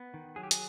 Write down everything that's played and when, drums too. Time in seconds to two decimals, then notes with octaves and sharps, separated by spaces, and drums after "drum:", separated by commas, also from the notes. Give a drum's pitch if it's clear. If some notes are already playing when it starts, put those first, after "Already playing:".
Already playing: B3
0.14 D#3
0.36 F#3 G#4
0.43 G4
0.51 G#4, drum: hi-hat